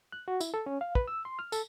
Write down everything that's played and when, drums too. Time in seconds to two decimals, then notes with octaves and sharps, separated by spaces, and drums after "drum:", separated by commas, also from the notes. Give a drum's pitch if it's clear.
0.12 F#6
0.28 F#4
0.41 E4, drum: tambourine
0.54 A4
0.66 C#4
0.81 F5
0.95 B4, drum: kick
1.08 E6
1.25 C6
1.39 F6
1.52 A4, drum: tambourine